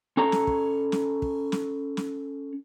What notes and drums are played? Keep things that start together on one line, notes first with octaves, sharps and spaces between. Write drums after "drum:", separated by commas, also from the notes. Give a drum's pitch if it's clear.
C#4 A4 A#5
drum: snare
drum: kick
drum: snare
drum: kick
drum: snare
drum: snare